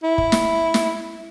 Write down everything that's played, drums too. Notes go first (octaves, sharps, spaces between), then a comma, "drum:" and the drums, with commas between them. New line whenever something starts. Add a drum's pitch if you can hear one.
E4
drum: kick
drum: snare
drum: snare